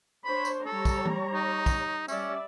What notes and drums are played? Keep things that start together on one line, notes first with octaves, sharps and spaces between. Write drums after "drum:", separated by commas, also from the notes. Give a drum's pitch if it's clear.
D4 C5 C#5 B5
drum: tambourine
G3 A4 C#5 A#5
drum: kick, tambourine
drum: tom E3
D#4
drum: kick, tambourine
G3 C#4 D5 E5, drum: tambourine